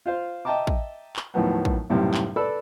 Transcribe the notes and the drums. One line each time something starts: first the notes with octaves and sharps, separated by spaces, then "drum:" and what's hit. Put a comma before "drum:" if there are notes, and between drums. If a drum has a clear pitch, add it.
F4 C5 F5
D#5 E5 G5 A5 A#5 D6
drum: kick
drum: clap
D#2 A2 F3 F#3 B3
drum: kick
B1 F#2 A2 C3 G3
drum: clap
A4 B4 D5 B5 E6